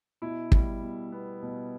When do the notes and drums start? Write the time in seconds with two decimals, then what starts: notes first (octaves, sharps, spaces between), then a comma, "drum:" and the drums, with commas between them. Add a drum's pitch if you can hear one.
0.22 B2 E4
0.52 G3, drum: kick
0.82 B2
1.12 B3
1.42 B2